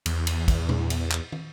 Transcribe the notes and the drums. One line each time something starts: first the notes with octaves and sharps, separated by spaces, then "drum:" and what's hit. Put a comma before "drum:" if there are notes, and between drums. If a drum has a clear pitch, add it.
E2, drum: cymbal
drum: cymbal
drum: kick, cymbal
drum: tom A#2
drum: cymbal
drum: clap
drum: tom